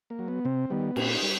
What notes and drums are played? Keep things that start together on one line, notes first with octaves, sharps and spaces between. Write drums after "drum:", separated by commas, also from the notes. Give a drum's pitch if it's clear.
A#3
F#3
B3
C3 C4
D#3 G3 B3
A#2 C4, drum: cymbal
D#4
G3